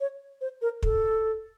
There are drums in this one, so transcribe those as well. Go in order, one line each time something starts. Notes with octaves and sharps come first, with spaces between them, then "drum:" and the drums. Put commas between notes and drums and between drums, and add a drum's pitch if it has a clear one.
C#5
C5
A#4
A4, drum: kick